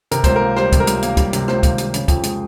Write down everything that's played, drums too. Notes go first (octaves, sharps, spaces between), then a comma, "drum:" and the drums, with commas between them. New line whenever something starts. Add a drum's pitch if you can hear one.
C3 A#4, drum: hi-hat
C#2 C5, drum: kick, hi-hat
A#4
A#3
G3 C5, drum: rim click
C3, drum: kick, hi-hat
A#4
C#2, drum: hi-hat
A#3, drum: hi-hat
G3, drum: kick, hi-hat
C3, drum: hi-hat
C#2 C5, drum: rim click
A#3, drum: kick, hi-hat
G3, drum: hi-hat
C#3, drum: hi-hat
F2, drum: kick, hi-hat
G#3, drum: hi-hat